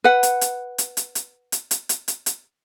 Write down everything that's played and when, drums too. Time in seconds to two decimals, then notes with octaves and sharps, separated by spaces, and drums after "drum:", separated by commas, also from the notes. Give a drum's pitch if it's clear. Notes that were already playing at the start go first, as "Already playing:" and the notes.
0.04 B4 F#5
0.23 drum: hi-hat
0.41 drum: hi-hat
0.78 drum: hi-hat
0.97 drum: hi-hat
1.15 drum: hi-hat
1.52 drum: hi-hat
1.71 drum: hi-hat
1.89 drum: hi-hat
2.08 drum: hi-hat
2.26 drum: hi-hat